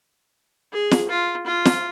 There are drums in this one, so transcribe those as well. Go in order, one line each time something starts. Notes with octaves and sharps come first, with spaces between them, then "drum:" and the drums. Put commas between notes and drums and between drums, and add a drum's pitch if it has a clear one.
G#4
drum: snare
F4
F4
drum: snare